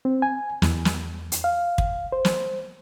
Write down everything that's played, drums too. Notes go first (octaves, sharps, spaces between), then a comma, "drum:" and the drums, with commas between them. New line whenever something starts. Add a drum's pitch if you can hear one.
C4
G#5
E2, drum: snare
drum: snare
drum: hi-hat
F5
drum: kick
C5
drum: snare